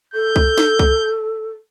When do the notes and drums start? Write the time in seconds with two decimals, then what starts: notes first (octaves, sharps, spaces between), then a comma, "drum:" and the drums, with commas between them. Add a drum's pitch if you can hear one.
0.14 A4 G6
0.36 drum: kick C2
0.58 drum: snare D4
0.79 drum: kick C2